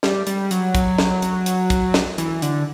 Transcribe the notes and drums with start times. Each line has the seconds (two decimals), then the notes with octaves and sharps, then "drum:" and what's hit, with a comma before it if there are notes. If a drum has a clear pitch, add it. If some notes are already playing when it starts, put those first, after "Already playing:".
0.03 G3, drum: snare
0.27 G3, drum: hi-hat
0.51 F#3, drum: hi-hat
0.75 drum: kick, hi-hat
0.98 drum: snare
1.22 drum: hi-hat
1.46 drum: hi-hat
1.70 drum: kick, hi-hat
1.94 drum: snare
2.18 E3, drum: hi-hat
2.42 D3, drum: hi-hat